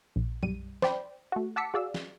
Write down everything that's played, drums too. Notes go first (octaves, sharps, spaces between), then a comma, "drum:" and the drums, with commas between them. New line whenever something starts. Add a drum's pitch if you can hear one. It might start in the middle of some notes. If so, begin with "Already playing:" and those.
A#1
B1 G3 D#7, drum: tom F#2
C5 D5 G5 B5, drum: snare
A3 F#4
F#5 A5 D6 E6 B6 C#7
F#4 G#4 D5 F5 E6
drum: snare